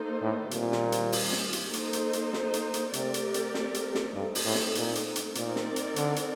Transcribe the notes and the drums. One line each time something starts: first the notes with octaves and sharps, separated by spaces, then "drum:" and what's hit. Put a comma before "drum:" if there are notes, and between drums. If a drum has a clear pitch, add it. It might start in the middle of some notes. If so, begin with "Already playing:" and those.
Already playing: A#3 D#4 A4 C5
A2
A#2 D#3 G3 C4 F4, drum: hi-hat
drum: snare
drum: hi-hat
drum: open hi-hat
drum: snare
drum: hi-hat
A#3 D#4 A4 C5, drum: hi-hat
drum: hi-hat
drum: hi-hat
drum: snare
drum: hi-hat
drum: hi-hat
C3 A3 C4 G4 A#4 D5, drum: hi-hat
drum: hi-hat
drum: hi-hat
drum: snare
drum: hi-hat
drum: snare
G2 A3 C4 D#4 A4
drum: open hi-hat
A2
drum: snare
A#2, drum: hi-hat
drum: hi-hat
drum: hi-hat
A#2 C4 D#4 A#4 D5, drum: hi-hat
drum: snare
drum: hi-hat
D3, drum: hi-hat
drum: hi-hat